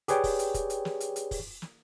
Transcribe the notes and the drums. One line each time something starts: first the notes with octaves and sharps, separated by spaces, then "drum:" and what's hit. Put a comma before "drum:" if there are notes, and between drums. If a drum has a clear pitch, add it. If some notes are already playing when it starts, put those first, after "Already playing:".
G4 G#4 B4 C#5 D5 G5, drum: hi-hat
drum: kick, open hi-hat
drum: hi-hat
drum: kick, hi-hat
drum: hi-hat
drum: snare
drum: hi-hat
drum: hi-hat
drum: kick, open hi-hat
drum: snare